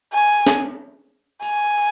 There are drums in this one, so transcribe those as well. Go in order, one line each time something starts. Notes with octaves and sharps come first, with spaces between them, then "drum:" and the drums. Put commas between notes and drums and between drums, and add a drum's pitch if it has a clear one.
G#5
drum: snare
G#5, drum: tambourine